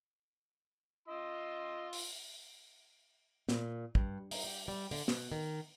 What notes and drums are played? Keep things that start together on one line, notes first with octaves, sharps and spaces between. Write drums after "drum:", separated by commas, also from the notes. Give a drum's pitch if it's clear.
F4 D#5 C6 E6
drum: open hi-hat
A#2, drum: snare
G2, drum: kick
D#4, drum: open hi-hat
G4
G3
D3, drum: open hi-hat
B2, drum: snare
D#3